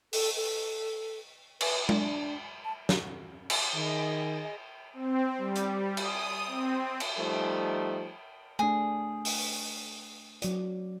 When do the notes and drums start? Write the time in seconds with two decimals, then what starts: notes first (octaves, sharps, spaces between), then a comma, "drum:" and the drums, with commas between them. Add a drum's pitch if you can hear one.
0.13 A4, drum: open hi-hat
0.36 A4
1.61 B4, drum: cymbal
1.89 D4, drum: tom G#3
2.65 A5
2.89 drum: snare
3.50 drum: cymbal
3.75 D#3 G#4 D#5
4.93 C4
5.38 G3
5.56 drum: hi-hat
5.97 D#6, drum: cymbal
6.47 C4
7.00 drum: cymbal
7.18 F3 G3 A3 D#4
8.59 A3 D4 G#4
9.25 drum: open hi-hat
10.42 F#3 D5, drum: hi-hat